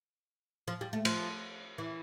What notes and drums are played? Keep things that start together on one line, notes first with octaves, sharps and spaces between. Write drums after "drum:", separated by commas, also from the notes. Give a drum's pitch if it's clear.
F3
G3
A3
F3, drum: cymbal
E3